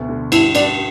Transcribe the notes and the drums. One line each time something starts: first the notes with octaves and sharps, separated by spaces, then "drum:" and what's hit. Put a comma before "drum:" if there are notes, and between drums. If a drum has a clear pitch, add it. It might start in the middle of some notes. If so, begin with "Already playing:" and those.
Already playing: D2 B2
D3
G2 E4, drum: cymbal
G2 D4, drum: cymbal